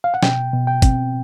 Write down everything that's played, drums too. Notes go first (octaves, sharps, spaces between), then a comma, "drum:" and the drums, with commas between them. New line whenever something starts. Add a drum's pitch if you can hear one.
F5
F#5
B2 G5, drum: snare
B2
G5
C4, drum: kick, hi-hat